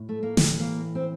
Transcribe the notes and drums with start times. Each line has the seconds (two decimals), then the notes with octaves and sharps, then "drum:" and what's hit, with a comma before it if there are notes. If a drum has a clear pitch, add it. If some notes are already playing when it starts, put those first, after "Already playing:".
Already playing: A2
0.09 A3
0.23 A#3
0.37 A2 E3 G3 A3, drum: snare
0.60 A#3
0.95 C4